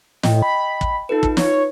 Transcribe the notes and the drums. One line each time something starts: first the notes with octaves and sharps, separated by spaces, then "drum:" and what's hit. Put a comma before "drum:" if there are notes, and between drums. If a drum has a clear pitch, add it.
A2 D#5 G5, drum: snare
B5
drum: kick
D#4 F4 A4 B4
drum: kick
C#5, drum: snare